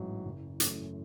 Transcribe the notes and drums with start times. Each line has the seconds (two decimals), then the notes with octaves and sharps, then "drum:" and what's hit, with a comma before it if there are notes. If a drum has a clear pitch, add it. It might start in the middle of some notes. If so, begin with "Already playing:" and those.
Already playing: A1 G#2 F#3
0.25 F#1
0.60 F#2 E3 A3, drum: hi-hat